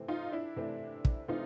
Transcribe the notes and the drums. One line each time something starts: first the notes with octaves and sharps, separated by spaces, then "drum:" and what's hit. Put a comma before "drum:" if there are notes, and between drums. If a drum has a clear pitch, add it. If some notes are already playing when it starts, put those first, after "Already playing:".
Already playing: C3 E3 A3 C4
D#4 F4
D4 E4
C3 E3 A3 C4
drum: kick
C3 E3 A3 C4 D#4 F4